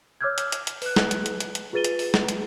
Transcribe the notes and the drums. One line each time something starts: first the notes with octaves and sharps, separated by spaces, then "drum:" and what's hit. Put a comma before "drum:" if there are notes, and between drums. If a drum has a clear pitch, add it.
C#5 D6 E6 F6 G6 G#6
drum: hi-hat
drum: hi-hat
drum: hi-hat
B4 F#6, drum: open hi-hat
drum: snare
drum: hi-hat
drum: hi-hat
drum: hi-hat
drum: hi-hat
F4 G#4 B4 A6 D#7 G7
drum: hi-hat
drum: open hi-hat
drum: snare
drum: hi-hat